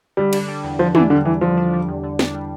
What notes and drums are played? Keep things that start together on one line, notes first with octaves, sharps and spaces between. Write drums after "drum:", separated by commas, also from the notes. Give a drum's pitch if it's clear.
D3 G3
D4, drum: cymbal
G3
E2
D3 F3
E3 D4, drum: tom
D3 G3
E2 E3
D3 F3
D4
G3
E2
D3
D4, drum: snare
G3